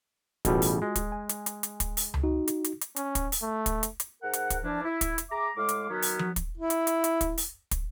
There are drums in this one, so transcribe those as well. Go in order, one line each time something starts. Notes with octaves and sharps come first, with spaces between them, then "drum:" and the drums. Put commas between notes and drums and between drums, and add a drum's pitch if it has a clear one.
A1 B2 G3 F4 F#4 G#4, drum: kick, hi-hat
drum: open hi-hat
G#3
drum: kick, hi-hat
G#5
drum: hi-hat
drum: hi-hat
drum: hi-hat
drum: kick, hi-hat
drum: open hi-hat
drum: tom C#2
D#4 F#4
drum: hi-hat
drum: hi-hat
drum: hi-hat
C#4, drum: hi-hat
drum: kick, hi-hat
drum: open hi-hat
A3
drum: kick, hi-hat
drum: hi-hat
drum: hi-hat
G#2 A#4 F#5
drum: hi-hat
drum: kick, hi-hat
E3 F3 C#4 D4
E4
drum: kick, hi-hat
drum: hi-hat
G#4 E5 A#5 D6
A2 G#3 F5 D6
drum: hi-hat
D#3 F#3 B3 C#4 F#4
drum: open hi-hat
drum: tom F3
drum: kick, hi-hat
E4
drum: hi-hat
drum: hi-hat
drum: hi-hat
drum: kick, hi-hat
drum: open hi-hat
drum: kick, hi-hat